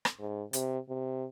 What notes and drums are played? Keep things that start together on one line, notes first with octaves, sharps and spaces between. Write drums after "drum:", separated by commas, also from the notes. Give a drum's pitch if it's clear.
drum: rim click
G#2
C3, drum: hi-hat
C3